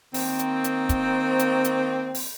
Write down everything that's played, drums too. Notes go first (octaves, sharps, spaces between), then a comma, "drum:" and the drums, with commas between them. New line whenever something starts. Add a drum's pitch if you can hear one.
D#3 A#3 C4, drum: open hi-hat
drum: hi-hat
drum: hi-hat
drum: kick, hi-hat
drum: hi-hat
drum: hi-hat
drum: open hi-hat